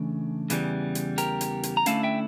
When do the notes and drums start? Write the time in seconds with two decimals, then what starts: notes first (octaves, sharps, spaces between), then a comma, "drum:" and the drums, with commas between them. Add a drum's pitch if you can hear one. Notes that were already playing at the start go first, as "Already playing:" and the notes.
Already playing: C#3 E3 A3 D4
0.50 E2 C#3 E3 G3, drum: hi-hat
0.95 drum: hi-hat
1.18 G4 A#4, drum: hi-hat
1.41 drum: hi-hat
1.63 drum: hi-hat
1.77 A#5
1.86 D3 A3 C#4 E4 F5 A5, drum: hi-hat
2.03 E5 G5